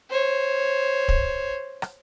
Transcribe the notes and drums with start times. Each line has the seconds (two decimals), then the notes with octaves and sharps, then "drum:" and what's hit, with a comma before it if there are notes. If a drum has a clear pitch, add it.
0.10 C5 C#5
1.08 drum: kick
1.82 drum: rim click